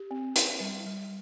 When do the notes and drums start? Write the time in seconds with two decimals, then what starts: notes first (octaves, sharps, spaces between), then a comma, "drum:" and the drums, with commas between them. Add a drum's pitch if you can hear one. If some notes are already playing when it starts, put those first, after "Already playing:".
Already playing: G4
0.11 C4
0.36 E4, drum: hi-hat
0.60 G3
0.86 G3